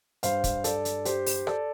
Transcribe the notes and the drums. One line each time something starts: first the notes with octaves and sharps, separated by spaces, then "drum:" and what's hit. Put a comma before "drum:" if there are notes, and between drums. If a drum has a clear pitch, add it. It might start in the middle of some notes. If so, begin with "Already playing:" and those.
G2 G3 C5 F5, drum: hi-hat
drum: kick, hi-hat
A4 D5, drum: hi-hat
drum: hi-hat
G4 C5, drum: hi-hat
drum: open hi-hat
A4 D5, drum: rim click